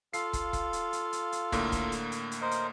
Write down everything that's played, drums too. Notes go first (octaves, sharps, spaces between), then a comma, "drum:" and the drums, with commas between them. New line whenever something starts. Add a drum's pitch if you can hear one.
F4 A4 F5 C7, drum: hi-hat
drum: kick, hi-hat
drum: kick, hi-hat
drum: hi-hat
drum: hi-hat
drum: hi-hat
drum: hi-hat
A2 D3 A#3, drum: kick, hi-hat
drum: kick, hi-hat
drum: hi-hat
drum: hi-hat
drum: hi-hat
A#4 C5 D#5
drum: hi-hat